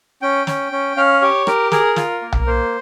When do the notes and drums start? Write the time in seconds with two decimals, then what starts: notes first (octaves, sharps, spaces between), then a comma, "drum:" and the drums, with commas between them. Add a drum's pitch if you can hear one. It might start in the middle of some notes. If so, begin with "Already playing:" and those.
0.22 C#4 G5
0.47 C#4, drum: snare
0.72 C#4
0.97 C#4 F5
1.22 G4 C#5
1.47 G4 A#4, drum: rim click
1.72 G#4 A#4, drum: snare
1.96 F4, drum: snare
2.22 A#3
2.32 drum: tom B1
2.46 A#3 C5